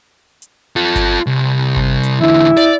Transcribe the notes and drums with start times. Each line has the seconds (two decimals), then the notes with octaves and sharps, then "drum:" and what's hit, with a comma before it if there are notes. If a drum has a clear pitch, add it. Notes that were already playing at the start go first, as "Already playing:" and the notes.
0.42 drum: hi-hat
0.76 F4 A4
0.96 drum: kick G1, hi-hat
1.27 C2
1.76 drum: kick G1
2.03 drum: hi-hat
2.21 E2 D3 E4
2.57 D5, drum: hi-hat